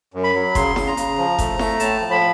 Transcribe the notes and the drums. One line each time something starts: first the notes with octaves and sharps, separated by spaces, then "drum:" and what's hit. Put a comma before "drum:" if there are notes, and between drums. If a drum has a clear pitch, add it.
F#2
B5
F#3
C#3 C6, drum: kick F#1, hi-hat
C#3, drum: snare E4
A#5
C#3, drum: hi-hat
F3
A3, drum: kick F#1, hi-hat
A3, drum: snare E4
A2 A5, drum: hi-hat
F3
B5